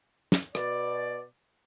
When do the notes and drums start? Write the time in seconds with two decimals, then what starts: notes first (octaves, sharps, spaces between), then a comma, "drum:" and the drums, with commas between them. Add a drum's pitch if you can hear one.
0.32 drum: snare
0.55 B2 D5, drum: rim click